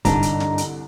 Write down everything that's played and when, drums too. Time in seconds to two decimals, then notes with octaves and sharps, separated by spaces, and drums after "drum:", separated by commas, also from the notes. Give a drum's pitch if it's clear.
0.05 C2 G2 D3 D4 D#4 A#5, drum: kick D1, hi-hat
0.23 drum: hi-hat
0.40 drum: snare
0.58 drum: hi-hat